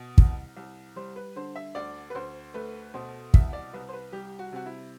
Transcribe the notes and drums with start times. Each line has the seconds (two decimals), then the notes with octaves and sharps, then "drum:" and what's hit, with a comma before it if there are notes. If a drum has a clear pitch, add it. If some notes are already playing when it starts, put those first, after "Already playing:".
Already playing: B2
0.18 C2, drum: kick
0.57 C2
0.96 G3 C5
1.16 B4
1.36 D3 C5
1.55 E5
1.75 D2 D5
2.10 B4
2.15 D2 C5
2.54 A3 B4
2.94 B2 C5
3.34 C2 E5, drum: kick
3.53 D5
3.73 C2 B4
3.89 C5
3.93 B4
4.12 G3 G4
4.39 F#4
4.52 C3 F#4
4.66 E4